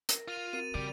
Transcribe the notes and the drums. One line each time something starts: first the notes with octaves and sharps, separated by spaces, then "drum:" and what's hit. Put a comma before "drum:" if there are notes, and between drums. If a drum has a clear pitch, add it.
A#4 A#6, drum: hi-hat
F4 A6 D#7 F7
C4 F#4 A#4 D#7
C#3 G3 D5